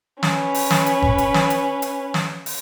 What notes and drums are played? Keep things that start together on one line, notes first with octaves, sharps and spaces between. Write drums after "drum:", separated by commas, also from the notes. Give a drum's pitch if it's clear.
C#4 B4, drum: snare
drum: open hi-hat
drum: snare
drum: hi-hat
drum: kick
drum: hi-hat
drum: snare
drum: hi-hat
drum: hi-hat
drum: snare
drum: open hi-hat